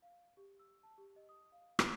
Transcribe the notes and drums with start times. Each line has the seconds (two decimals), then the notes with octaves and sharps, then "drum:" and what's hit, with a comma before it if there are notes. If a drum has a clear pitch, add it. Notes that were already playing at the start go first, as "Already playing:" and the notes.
0.02 F5
0.37 G4
0.59 E6
0.83 A5
0.98 G4
1.16 D#5
1.29 D#6
1.52 F5
1.79 A5, drum: rim click